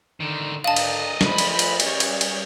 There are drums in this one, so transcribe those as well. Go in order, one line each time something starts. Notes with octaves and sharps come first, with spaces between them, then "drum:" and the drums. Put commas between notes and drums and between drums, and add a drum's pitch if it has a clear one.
D3 D#3
D3 D5 D#5 F5 A5 A#5
drum: cymbal
F3 A3 B5, drum: snare
drum: cymbal
drum: cymbal
G3 C#4 C#5, drum: cymbal
drum: cymbal
drum: cymbal